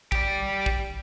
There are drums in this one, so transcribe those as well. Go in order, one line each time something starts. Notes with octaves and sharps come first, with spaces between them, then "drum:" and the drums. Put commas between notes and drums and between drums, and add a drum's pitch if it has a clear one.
G4 D5, drum: kick
drum: kick